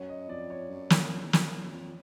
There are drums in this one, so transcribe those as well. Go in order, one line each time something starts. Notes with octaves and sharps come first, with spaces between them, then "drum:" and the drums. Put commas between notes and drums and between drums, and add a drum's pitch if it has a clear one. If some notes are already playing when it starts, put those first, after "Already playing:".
Already playing: F#2 C#5
D#5
F2 D5
C#5
F#2
drum: snare
F2
E2
F2, drum: snare
E2
F#2
F2